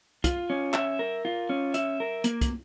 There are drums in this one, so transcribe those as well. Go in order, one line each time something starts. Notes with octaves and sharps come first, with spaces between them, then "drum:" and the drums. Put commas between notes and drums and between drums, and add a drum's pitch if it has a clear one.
F4, drum: kick, hi-hat
C#4
E5, drum: clap
A#4
F4
C#4
E5, drum: hi-hat
A#4
A#3, drum: hi-hat
drum: kick, hi-hat